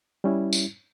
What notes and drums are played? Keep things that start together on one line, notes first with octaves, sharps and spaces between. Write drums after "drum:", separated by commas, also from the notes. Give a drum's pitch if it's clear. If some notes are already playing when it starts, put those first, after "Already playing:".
G3 C#4 E4
drum: tambourine